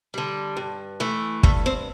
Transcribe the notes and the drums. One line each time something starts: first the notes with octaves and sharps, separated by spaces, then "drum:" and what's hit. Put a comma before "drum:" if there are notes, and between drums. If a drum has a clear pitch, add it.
D3 G3
G2
E3 A3
G2 A3, drum: kick
C4